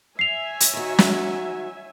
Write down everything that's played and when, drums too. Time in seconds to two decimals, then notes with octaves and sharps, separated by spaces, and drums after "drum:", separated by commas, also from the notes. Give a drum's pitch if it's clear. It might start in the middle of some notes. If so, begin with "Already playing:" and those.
0.19 C#5 E5 G#5 C7 F7
0.60 drum: hi-hat
0.73 D#3 F#4
0.98 drum: snare